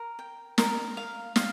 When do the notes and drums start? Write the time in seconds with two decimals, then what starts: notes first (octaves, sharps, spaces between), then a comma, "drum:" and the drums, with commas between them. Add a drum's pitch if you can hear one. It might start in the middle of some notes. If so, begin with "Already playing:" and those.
Already playing: A#4
0.19 G5
0.58 A#4, drum: snare
0.97 F5
1.36 F5, drum: snare